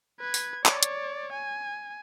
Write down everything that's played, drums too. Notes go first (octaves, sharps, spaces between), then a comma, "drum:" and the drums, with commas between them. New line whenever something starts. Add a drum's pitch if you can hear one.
B4 G#6
drum: open hi-hat
C#5 D5, drum: clap
drum: hi-hat
G#5